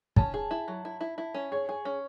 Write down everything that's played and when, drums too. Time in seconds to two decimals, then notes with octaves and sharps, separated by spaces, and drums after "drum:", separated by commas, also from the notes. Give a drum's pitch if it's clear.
0.16 C#4 A5, drum: kick
0.34 G#4
0.51 E4
0.68 F#3
0.85 E4
1.01 E4
1.18 E4
1.34 C#4
1.52 G#4 C#5
1.69 G#4
1.85 C#4